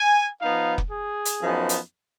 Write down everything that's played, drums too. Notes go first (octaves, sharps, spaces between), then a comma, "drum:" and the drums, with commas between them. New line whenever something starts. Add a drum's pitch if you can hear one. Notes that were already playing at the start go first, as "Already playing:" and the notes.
Already playing: G#5
F3 B3 D#4 F5
drum: kick F1
G#4
drum: hi-hat
F#2 F3 B3 D#4
drum: hi-hat